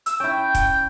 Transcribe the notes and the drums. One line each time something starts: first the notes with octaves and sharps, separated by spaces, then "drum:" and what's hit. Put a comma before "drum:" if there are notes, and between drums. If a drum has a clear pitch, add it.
E6, drum: hi-hat
C#4 E4 G5
drum: kick, hi-hat